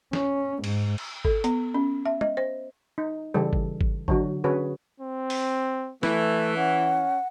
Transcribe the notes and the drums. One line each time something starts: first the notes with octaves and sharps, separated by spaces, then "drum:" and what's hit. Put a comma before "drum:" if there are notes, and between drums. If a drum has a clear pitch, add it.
C#4, drum: snare
G#2, drum: cymbal
drum: cymbal
A4, drum: kick G#1
B3, drum: hi-hat
C#4
E5
D#5, drum: tom
C5
D#4
C#3 E3 G3 A4
drum: kick G#1
drum: kick G#1
D3 F#3 F#4, drum: kick G#1
D3 C#4 F#4 G#4 B4 C#5
C4
drum: open hi-hat
E3 A3, drum: snare
C#4 F#5